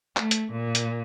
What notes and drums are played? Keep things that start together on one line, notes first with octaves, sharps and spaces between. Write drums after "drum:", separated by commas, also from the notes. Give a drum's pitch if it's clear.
A3, drum: clap
drum: hi-hat
A#2
drum: hi-hat